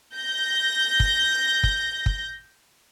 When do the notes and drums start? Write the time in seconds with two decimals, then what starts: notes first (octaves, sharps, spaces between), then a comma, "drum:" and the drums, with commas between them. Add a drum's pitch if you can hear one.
0.15 G6 A#6
1.00 drum: kick
1.63 drum: kick
2.06 drum: kick